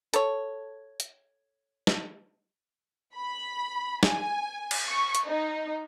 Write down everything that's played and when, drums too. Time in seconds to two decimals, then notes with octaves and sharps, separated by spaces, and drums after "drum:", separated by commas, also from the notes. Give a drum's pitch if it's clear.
0.14 A4 C#5, drum: hi-hat
1.00 drum: hi-hat
1.87 drum: snare
3.16 B5
4.03 G#5, drum: snare
4.71 drum: cymbal
4.88 C#6
5.15 drum: hi-hat
5.26 D#4